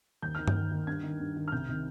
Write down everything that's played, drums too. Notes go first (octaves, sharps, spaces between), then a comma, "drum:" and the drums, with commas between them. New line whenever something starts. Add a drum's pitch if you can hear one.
D#2 G6
D#3 F6
G6, drum: tom G2
D#2
D#3
G2 G#6
D#3
G2
D#3
F6
C2 G6
C3 D#3